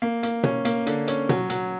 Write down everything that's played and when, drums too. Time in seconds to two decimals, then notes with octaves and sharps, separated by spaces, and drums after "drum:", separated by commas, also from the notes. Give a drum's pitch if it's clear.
0.02 A#3
0.23 A#3, drum: hi-hat
0.43 C#4, drum: tom B2
0.65 A#3, drum: hi-hat
0.87 D3, drum: hi-hat
1.08 C#4, drum: hi-hat
1.29 F#3, drum: tom B2
1.50 F#3, drum: hi-hat